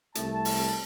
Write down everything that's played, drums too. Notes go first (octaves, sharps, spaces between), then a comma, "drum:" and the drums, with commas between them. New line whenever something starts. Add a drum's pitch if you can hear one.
C2 A3 A5, drum: hi-hat
drum: open hi-hat